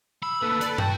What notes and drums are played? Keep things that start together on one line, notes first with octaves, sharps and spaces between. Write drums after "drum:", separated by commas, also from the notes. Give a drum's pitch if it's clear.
B5 E6
D2 A#3 A4 B4
D5, drum: hi-hat
F#4 G5 A5, drum: tom